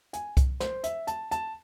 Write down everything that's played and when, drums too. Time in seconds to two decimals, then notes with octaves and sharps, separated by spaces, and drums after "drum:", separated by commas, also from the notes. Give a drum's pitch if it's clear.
0.13 G#5, drum: hi-hat
0.37 drum: kick C2, hi-hat
0.60 C5, drum: snare
0.84 E5, drum: hi-hat
1.07 A5, drum: hi-hat
1.31 A5, drum: hi-hat